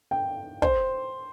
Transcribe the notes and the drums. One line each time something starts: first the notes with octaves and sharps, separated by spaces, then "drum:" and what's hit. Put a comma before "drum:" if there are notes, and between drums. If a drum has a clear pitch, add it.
G5
C5, drum: kick